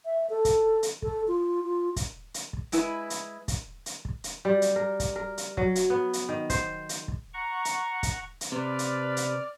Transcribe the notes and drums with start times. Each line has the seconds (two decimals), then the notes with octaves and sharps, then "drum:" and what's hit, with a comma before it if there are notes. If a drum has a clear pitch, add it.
0.05 E5
0.30 A4
0.45 drum: kick, hi-hat
0.83 drum: hi-hat
1.02 A4, drum: kick
1.28 F4
1.64 F4
1.96 drum: kick, hi-hat
2.34 drum: hi-hat
2.53 drum: kick
2.72 G#3 E4 B4, drum: hi-hat
3.10 drum: hi-hat
3.48 drum: kick, hi-hat
3.86 drum: hi-hat
4.05 drum: kick
4.24 drum: hi-hat
4.45 G3
4.62 drum: hi-hat
4.76 A#4
5.00 drum: kick, hi-hat
5.16 A#4
5.38 drum: hi-hat
5.57 F#3, drum: kick
5.75 drum: hi-hat
5.90 B3
6.13 drum: hi-hat
6.29 D#3
6.50 C5, drum: kick, hi-hat
6.89 drum: hi-hat
7.08 drum: kick
7.34 F#5 A#5 C#6
7.65 drum: hi-hat
8.03 drum: kick, hi-hat
8.41 drum: hi-hat
8.52 C3 B4 D5 F6
8.79 drum: hi-hat
9.17 drum: hi-hat